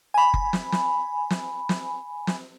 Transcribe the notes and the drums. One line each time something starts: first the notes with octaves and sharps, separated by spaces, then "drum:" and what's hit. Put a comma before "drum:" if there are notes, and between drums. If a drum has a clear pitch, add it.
G#5 B5
drum: kick F#1
drum: snare
drum: snare
drum: snare
drum: snare
drum: snare